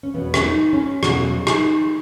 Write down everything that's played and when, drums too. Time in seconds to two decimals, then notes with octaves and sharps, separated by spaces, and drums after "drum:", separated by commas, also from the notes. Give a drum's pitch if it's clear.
0.03 C#4
0.14 E2 B2 F#3 B3
0.34 C#4, drum: rim click
0.44 D#4
0.73 C#4
1.03 E2 B2 F#3 C#4, drum: rim click
1.47 D#4, drum: rim click